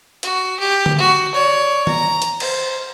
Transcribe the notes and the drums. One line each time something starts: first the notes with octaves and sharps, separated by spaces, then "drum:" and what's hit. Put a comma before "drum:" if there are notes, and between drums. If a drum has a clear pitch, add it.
F#4, drum: hi-hat
G4
drum: tom D3
F#4
C#5 D5
A#5, drum: tom
drum: hi-hat
C5, drum: cymbal